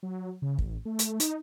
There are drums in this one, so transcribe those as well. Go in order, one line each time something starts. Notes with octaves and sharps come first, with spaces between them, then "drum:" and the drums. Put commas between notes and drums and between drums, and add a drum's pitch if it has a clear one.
F#3
C#3
A1, drum: kick
A3
drum: hi-hat
D#4, drum: hi-hat